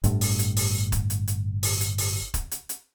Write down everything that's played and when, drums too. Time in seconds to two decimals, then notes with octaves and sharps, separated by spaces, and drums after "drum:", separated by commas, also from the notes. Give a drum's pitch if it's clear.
0.04 G1 A2, drum: hi-hat
0.21 drum: open hi-hat
0.39 drum: hi-hat
0.57 drum: open hi-hat
0.92 drum: kick, hi-hat
1.10 drum: hi-hat
1.28 drum: hi-hat
1.63 drum: open hi-hat
1.81 drum: hi-hat
1.98 drum: open hi-hat
2.34 drum: kick, hi-hat
2.51 drum: hi-hat
2.69 drum: hi-hat